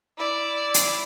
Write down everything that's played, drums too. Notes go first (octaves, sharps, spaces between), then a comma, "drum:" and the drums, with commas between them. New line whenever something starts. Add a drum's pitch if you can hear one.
E4 D5
drum: hi-hat